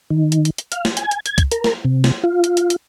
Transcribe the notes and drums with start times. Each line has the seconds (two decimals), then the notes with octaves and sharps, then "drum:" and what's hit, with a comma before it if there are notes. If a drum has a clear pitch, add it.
0.10 D#3
0.32 drum: hi-hat
0.45 drum: hi-hat
0.58 drum: hi-hat
0.72 F5, drum: hi-hat
0.85 drum: snare
0.97 G#5, drum: hi-hat
1.11 drum: hi-hat
1.26 G#6, drum: hi-hat
1.38 drum: kick, hi-hat
1.51 A#4, drum: hi-hat
1.64 drum: snare
1.85 C3
2.04 drum: snare
2.24 F4
2.44 drum: hi-hat
2.57 drum: hi-hat
2.70 drum: hi-hat